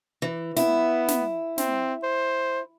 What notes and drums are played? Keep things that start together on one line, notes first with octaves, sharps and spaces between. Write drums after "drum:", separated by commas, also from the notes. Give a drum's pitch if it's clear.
E3
B3 E4, drum: snare
drum: snare
C4, drum: snare
C5